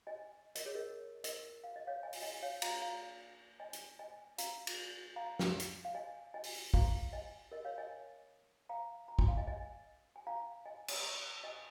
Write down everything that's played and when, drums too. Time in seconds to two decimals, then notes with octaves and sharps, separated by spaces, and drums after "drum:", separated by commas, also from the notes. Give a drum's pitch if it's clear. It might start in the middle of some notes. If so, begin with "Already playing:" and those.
0.07 D#5 G#5
0.55 A#4 D#5, drum: hi-hat
0.66 G#4 C#5
0.75 A#4 D#5
1.24 A#4 D#5, drum: hi-hat
1.64 F5
1.76 D#5
1.87 C#5 F5
2.03 D#5 G#5
2.13 drum: open hi-hat
2.22 D#5 G#5
2.43 C#5 F5
2.62 F5 A#5, drum: cymbal
2.82 F5 A#5
3.60 D#5 G#5
3.73 drum: hi-hat
3.99 D#5 G#5
4.38 F5 A#5, drum: hi-hat
4.67 drum: cymbal
5.16 F5 A#5
5.39 drum: snare
5.60 drum: hi-hat
5.85 F5
5.95 D#5 G#5
6.34 D#5 G#5
6.43 drum: open hi-hat
6.74 F5 A#5, drum: kick
7.13 D#5 G#5
7.52 A#4 D#5
7.65 C#5 F5
7.78 D#5 G#5
8.69 F5 A#5
9.08 A#5
9.19 G#5, drum: kick
9.28 F5
9.37 D#5 G#5
9.47 D#5 G#5
10.16 G#5
10.27 F5 A#5
10.66 D#5 G#5
10.88 drum: cymbal
11.44 D#5 G#5